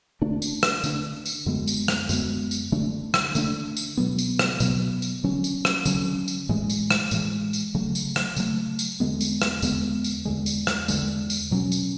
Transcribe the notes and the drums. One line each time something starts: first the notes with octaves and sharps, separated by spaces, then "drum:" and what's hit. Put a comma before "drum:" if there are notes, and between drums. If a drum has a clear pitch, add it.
D3 A3 D4
drum: tambourine
drum: rim click
D3 A3 D4, drum: tambourine
drum: tambourine
F#2 D3 G#3 B3
drum: tambourine
drum: rim click
F#2 D3 G#3 B3, drum: tambourine
drum: tambourine
D3 A3 D4
drum: rim click
D3 A3 D4, drum: tambourine
drum: tambourine
B2 F#3 B3
drum: tambourine
drum: rim click
B2 F#3 B3, drum: tambourine
drum: tambourine
D3 F#3 C#4
drum: tambourine
drum: rim click
D3 F#3 C#4, drum: tambourine
drum: tambourine
A2 E3 G#3
drum: tambourine
drum: rim click
A2 E3 G#3, drum: tambourine
drum: tambourine
C#3 F#3 A3
drum: tambourine
drum: rim click
C#3 F#3 A3, drum: tambourine
drum: tambourine
E2 D3 G#3 B3
drum: tambourine
drum: rim click
E2 D3 G#3 B3, drum: tambourine
drum: tambourine
E2 D3 G#3
drum: tambourine
drum: rim click
E2 D3 G#3, drum: tambourine
drum: tambourine
B2 F#3 C#4
drum: tambourine